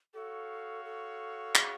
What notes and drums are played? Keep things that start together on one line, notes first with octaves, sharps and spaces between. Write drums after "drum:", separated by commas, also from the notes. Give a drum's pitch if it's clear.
F#4 A4 C#5 F5
A4
G#4, drum: clap